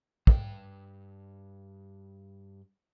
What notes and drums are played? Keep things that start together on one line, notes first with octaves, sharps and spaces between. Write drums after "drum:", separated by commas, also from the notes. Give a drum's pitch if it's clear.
G2 G5, drum: kick